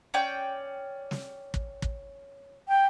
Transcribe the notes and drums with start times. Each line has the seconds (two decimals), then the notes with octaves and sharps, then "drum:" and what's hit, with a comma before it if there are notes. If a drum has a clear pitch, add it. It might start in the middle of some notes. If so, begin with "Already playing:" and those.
0.14 C#4 D5 G5
1.11 drum: snare
1.54 drum: kick
1.82 drum: kick
2.68 G5